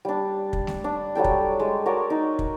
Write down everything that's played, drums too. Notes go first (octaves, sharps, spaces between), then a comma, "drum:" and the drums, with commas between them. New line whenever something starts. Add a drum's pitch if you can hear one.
G3 D4
drum: kick
drum: snare A3
D4
F#3 G3 A4 G5
drum: kick
G#3
F#4 A#4 C#5 D5
D#4
drum: kick